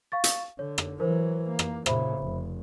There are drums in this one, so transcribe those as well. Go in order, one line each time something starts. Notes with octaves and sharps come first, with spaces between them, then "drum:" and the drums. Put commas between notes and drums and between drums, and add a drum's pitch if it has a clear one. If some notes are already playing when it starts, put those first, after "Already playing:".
F5 C#6 A6
drum: hi-hat
D3 C#5
drum: rim click
E3 F#3 A#4 C5
A#3
drum: rim click
A#2 C#3 C5 E5 B5, drum: rim click
F1